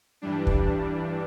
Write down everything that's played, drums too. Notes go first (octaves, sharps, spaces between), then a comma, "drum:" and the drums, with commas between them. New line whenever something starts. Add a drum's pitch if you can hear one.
G2 E3 G3 D4
drum: kick